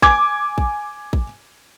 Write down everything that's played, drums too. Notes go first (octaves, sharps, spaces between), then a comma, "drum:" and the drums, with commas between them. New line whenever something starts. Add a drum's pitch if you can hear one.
G#5 D6 G#6, drum: kick A1
drum: kick A1
drum: kick A1